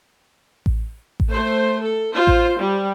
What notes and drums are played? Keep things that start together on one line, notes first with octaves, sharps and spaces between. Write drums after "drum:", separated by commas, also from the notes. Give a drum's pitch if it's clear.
drum: kick A1
drum: kick A1
A3 C5
A4
F4 C5
drum: kick A1
G3